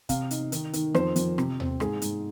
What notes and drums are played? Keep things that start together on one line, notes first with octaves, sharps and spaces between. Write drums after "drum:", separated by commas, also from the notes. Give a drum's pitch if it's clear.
C3 F5, drum: kick, hi-hat
D#4, drum: hi-hat
D#3, drum: hi-hat
D#3, drum: hi-hat
F2 C5, drum: rim click
F2, drum: hi-hat
C3, drum: rim click
C4, drum: tom D#2
G#2 G#4, drum: rim click
G#2, drum: hi-hat